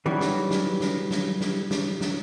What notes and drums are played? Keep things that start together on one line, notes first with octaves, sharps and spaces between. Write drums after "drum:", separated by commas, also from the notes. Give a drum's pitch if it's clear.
D#3 E3 F#3 G3 C#4
drum: snare
drum: snare
drum: snare
drum: snare
drum: snare
drum: snare
drum: snare